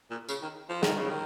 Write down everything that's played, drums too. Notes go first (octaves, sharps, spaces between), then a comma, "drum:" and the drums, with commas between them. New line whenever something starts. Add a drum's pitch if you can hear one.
A#2
C#3, drum: tambourine
D#3
F3
D#3, drum: snare
C#3
D#3